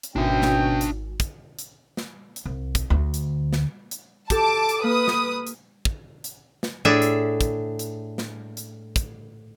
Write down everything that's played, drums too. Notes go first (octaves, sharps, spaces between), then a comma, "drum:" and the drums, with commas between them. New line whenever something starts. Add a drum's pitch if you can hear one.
drum: hi-hat
G#1 B2 C#4 D4 E5 G5
drum: snare
drum: hi-hat
drum: kick, hi-hat
drum: hi-hat
drum: snare
drum: hi-hat
C2
drum: kick, hi-hat
D2
drum: hi-hat
drum: snare
drum: hi-hat
G4 A4 A5 D6, drum: kick, hi-hat
drum: hi-hat
A#3 B4 D#6
drum: snare
drum: hi-hat
drum: kick
drum: hi-hat
drum: snare
A2 D4 G#4 E5
drum: hi-hat
drum: kick, hi-hat
drum: hi-hat
drum: snare
drum: hi-hat
drum: kick, hi-hat